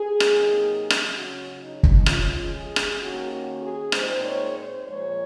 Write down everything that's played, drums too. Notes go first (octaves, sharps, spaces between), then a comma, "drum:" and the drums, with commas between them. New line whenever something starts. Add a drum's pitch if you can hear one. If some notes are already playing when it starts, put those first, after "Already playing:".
Already playing: G#4
C3 F#3 A#3 D#4, drum: rim click
drum: rim click
C#3 F#3 C#4 F#4
D#4
drum: kick
F3 G#3 C#4 F4, drum: rim click
G#4
drum: rim click
D#3 A#3 C#4 F#4
F#4
G#4
A#2 G#3 C4 D#4 C5, drum: rim click
C#5
C5
A#2 F3 G#3 C#5